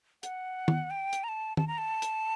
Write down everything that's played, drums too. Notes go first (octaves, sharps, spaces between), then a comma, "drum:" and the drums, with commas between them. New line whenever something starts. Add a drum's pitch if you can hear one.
F#5, drum: hi-hat
drum: tom D#3
G5
drum: hi-hat
A#5
A5
A5, drum: tom
A#5
A5
drum: hi-hat